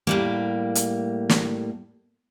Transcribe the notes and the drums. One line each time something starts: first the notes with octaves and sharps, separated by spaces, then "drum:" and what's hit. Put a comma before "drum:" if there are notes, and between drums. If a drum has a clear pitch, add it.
A2 G3 A#3
drum: hi-hat
drum: snare